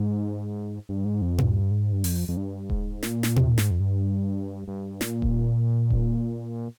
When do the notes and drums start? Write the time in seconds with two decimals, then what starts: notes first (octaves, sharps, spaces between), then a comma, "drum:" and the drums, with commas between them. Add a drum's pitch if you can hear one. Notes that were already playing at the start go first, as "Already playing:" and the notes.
Already playing: G#2
0.89 G2
1.05 G#2
1.22 F2
1.38 G2, drum: tom
1.71 G#2
1.93 G2
2.04 F2, drum: open hi-hat
2.28 F2
2.37 G2
2.70 G#2, drum: kick D#1
3.03 A#2, drum: snare
3.23 drum: snare
3.36 C3, drum: tom
3.50 A#2
3.58 G#2, drum: snare
3.71 F2
3.80 G2
4.68 G2
5.01 A#2, drum: snare
5.22 drum: kick D#1
5.90 drum: kick D#1